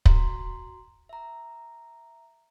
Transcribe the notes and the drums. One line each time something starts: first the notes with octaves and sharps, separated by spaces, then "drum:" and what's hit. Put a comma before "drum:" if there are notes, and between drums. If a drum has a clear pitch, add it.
F#4 A#5 C6, drum: kick
E5 A#5